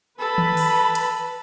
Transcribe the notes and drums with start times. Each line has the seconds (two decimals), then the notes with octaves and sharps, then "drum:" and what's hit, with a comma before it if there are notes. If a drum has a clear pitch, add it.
0.19 A4 B4 B5
0.38 drum: tom D#3
0.57 drum: open hi-hat
0.95 drum: hi-hat